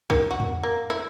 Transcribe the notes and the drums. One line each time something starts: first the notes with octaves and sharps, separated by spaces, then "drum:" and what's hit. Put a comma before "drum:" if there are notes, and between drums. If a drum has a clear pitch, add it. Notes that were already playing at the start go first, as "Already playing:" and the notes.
D#3, drum: kick
F#4
drum: tom E2
A#3
E4, drum: rim click